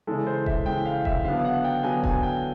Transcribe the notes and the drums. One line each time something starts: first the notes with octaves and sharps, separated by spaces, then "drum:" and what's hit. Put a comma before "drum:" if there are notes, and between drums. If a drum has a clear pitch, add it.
C#3 E3 G#3 A4
C5
E5, drum: kick D#1
C#3 E3 G#3 G5
F5
E5, drum: kick D#1
D3 F#3 B3 D4 F5
F#5
G5
D3 F#3 B3 D4 G#5
G#5, drum: kick D#1
G5